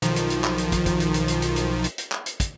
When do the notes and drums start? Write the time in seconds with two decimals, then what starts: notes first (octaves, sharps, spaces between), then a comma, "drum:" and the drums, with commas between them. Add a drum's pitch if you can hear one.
0.02 B1 D#3 F3, drum: hi-hat
0.16 drum: hi-hat
0.30 drum: hi-hat
0.44 drum: clap
0.58 drum: hi-hat
0.72 drum: kick, hi-hat
0.86 drum: kick, hi-hat
1.00 drum: hi-hat
1.14 drum: hi-hat
1.28 drum: hi-hat
1.42 drum: hi-hat
1.56 drum: hi-hat
1.84 drum: hi-hat
1.98 drum: hi-hat
2.12 drum: clap
2.26 drum: hi-hat
2.40 drum: kick, hi-hat